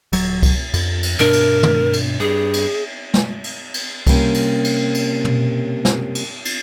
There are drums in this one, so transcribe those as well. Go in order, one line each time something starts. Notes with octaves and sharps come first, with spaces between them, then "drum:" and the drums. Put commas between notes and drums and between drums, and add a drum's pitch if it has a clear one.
D#1 F#3, drum: cymbal
drum: kick C2, cymbal
F2, drum: cymbal
drum: cymbal
G2 B2 D4 A#4
drum: cymbal
drum: tom
drum: cymbal
G2 G#4
drum: cymbal
drum: snare
drum: cymbal
drum: cymbal
C3 G3 A#3 C#4, drum: kick C2, cymbal
drum: cymbal
drum: cymbal
drum: cymbal
drum: tom
drum: snare
drum: cymbal
drum: cymbal